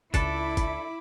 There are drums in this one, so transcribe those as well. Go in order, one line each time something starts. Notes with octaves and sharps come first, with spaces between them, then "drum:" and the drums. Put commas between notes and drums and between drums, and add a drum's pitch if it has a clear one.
C#2 D4 E4 A4 B5 D6, drum: kick, hi-hat
drum: kick, hi-hat